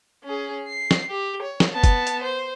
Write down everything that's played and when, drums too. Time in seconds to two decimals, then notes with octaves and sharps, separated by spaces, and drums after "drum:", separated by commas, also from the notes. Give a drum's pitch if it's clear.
0.24 C#4 G#4
0.68 C7
0.91 drum: snare
1.10 G4
1.42 C#5
1.60 drum: snare
1.73 B3 A5
1.84 drum: kick F#1, hi-hat
2.07 drum: hi-hat
2.23 C5